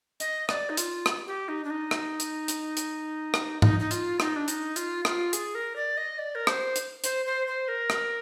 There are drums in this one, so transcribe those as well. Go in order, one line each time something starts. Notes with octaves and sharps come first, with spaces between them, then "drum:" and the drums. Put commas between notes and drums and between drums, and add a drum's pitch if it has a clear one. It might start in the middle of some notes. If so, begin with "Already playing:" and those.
D#5, drum: hi-hat
D5, drum: rim click
D#4
F4, drum: hi-hat
drum: rim click
G4
D#4
D4
D#4
drum: rim click
drum: hi-hat
drum: hi-hat
drum: hi-hat
drum: rim click
D#4, drum: tom G#2
D#4
F4, drum: hi-hat
D#4, drum: rim click
D4
D#4, drum: hi-hat
F4, drum: hi-hat
F4, drum: rim click
G#4, drum: hi-hat
A#4
D5
D#5
D5
A#4
C5, drum: rim click
drum: hi-hat
C5, drum: hi-hat
C5
C5
A#4
drum: rim click